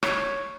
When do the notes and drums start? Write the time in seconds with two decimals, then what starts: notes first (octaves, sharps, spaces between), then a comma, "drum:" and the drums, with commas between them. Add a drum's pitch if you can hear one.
0.03 C#5, drum: rim click